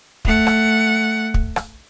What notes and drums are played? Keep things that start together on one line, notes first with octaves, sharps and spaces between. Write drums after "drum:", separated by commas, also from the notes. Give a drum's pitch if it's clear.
A3 F#5, drum: kick
drum: rim click
drum: kick
drum: rim click